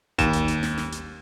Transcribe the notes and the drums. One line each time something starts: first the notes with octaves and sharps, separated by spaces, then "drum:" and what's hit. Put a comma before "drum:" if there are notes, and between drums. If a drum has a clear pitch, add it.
D#2 E7, drum: kick G#1, hi-hat
drum: hi-hat
drum: hi-hat
drum: snare
drum: snare
drum: hi-hat